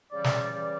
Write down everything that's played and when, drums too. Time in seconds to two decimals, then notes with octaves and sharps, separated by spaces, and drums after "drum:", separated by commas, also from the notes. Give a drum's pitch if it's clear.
0.11 C#3 E3 G3 D5
0.24 drum: snare
0.52 C#3 E3 G3